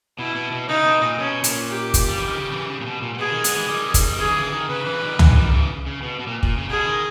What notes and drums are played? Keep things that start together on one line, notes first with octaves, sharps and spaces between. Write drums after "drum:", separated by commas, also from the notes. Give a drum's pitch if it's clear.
B2 E4
B2
B2
C#3 D#4
B2
A#2
B2 C#4
A#2, drum: hi-hat
G4
drum: kick, hi-hat
G3
E3
D#3
C#3
C#3 E3
C#3
A#2
B2
A#2
A#2
B2 G#4
D#3
G#3 B3, drum: hi-hat
E3 G#3
D#3 G3
drum: kick, hi-hat
D#3
C#3 E3 G#4
D#3
C#3 E3
D#3
C#3 B4
C#3 E3
D#3 G3
E3 G#3, drum: tom C#2
G#3
D#3 G3
C#3 E3
C#3
B2
B2
A#2
A#2, drum: kick
C#3
B2 G#4
D#3